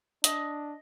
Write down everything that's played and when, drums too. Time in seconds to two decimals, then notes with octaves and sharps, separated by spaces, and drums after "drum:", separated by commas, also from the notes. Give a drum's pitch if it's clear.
0.24 D4 D#5, drum: hi-hat